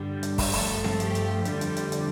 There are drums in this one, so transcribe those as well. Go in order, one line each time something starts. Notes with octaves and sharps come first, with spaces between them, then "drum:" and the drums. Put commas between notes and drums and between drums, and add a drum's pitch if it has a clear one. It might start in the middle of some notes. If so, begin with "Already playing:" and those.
Already playing: G2 D3 G3
drum: hi-hat
drum: kick, open hi-hat
G2 F3 A3 A4, drum: open hi-hat
drum: snare C4
G4, drum: hi-hat
drum: hi-hat
F2 D3 G3, drum: hi-hat
drum: hi-hat
drum: hi-hat
drum: hi-hat